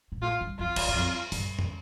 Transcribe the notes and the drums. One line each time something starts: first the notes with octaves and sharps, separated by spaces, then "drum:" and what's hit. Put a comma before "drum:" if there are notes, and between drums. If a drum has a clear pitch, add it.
A#2
A2 F4
G2
F2 F4
E2, drum: cymbal
G2
F2
G2, drum: open hi-hat
drum: tom